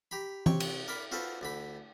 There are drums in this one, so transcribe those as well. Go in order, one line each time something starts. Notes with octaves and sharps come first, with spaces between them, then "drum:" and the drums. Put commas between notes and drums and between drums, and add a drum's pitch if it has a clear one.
G4 A#5 B5
C3 C#5 G5 C#6, drum: tom E3
drum: cymbal
A#4 D5 B5
F4 F#4 A4 B4 C5 F#5
D2 D3 B5